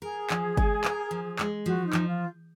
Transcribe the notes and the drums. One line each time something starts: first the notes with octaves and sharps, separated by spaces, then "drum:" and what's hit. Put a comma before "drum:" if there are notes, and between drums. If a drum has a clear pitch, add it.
G#4 A#4
F3, drum: clap
G#3, drum: kick G1
A#4, drum: clap
F3
G#3, drum: clap
F3 F#4
D#4
F3, drum: clap
F4